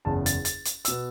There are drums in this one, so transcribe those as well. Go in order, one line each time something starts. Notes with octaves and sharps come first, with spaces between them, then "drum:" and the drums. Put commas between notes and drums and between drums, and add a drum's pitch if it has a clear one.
F#1 E2 C#3 A5
A6, drum: hi-hat
A6, drum: hi-hat
drum: hi-hat
B2 B3 E6, drum: hi-hat